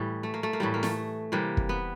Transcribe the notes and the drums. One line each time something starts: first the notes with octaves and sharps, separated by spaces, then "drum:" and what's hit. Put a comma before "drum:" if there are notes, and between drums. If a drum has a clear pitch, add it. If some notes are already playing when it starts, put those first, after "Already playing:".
Already playing: A2 E3 G3
A3
A#3
A3
A#3
A2 E3 G3 A3
A#3
A3, drum: snare
C3 E3 G3 A#3
drum: kick
B3